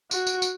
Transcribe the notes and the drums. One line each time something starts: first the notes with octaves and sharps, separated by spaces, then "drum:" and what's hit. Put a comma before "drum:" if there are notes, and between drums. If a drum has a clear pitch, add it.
F#4, drum: tambourine
drum: tambourine
drum: tambourine